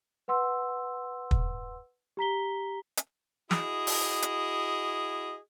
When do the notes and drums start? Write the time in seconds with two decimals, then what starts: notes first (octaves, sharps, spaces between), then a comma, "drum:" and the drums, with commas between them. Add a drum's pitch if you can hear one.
0.28 B4 F#5 C6 E6
1.31 drum: kick
2.17 G4 A#5 B6 G7
2.97 drum: hi-hat
3.51 E4 F#4 G#4 D#5, drum: snare
3.87 drum: open hi-hat
4.22 drum: hi-hat